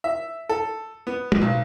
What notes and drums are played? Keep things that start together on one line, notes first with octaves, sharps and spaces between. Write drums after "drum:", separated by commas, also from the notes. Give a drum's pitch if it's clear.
E5
A4
B3
drum: tom
B1